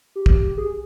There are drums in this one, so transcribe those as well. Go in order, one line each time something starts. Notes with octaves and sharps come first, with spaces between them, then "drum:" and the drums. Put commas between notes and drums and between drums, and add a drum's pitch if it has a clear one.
G4
drum: kick
G#4